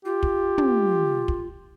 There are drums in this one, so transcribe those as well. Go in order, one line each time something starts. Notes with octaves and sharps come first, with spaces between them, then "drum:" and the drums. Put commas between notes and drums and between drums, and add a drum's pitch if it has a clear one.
F4 G4
drum: kick
drum: tom
drum: kick